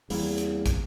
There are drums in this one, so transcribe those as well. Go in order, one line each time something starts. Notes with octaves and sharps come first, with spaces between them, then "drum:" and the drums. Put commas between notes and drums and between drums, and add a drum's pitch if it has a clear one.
E2 G3 A#3 C4, drum: open hi-hat
drum: hi-hat
drum: kick, hi-hat